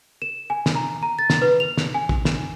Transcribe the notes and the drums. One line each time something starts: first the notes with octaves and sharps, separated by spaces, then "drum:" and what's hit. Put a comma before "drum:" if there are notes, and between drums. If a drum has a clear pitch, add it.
E7
G#5
drum: snare
A#5
A#5
A6
drum: snare
B4
F7
drum: snare
G#5
drum: kick
drum: snare